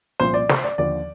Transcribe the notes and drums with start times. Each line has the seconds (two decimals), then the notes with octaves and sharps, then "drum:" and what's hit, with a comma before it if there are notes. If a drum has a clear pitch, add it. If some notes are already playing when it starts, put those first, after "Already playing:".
0.20 C2 A#2 F3 C5
0.34 D5
0.49 C5, drum: snare
0.63 D5
0.78 D#2 D3 F3 D5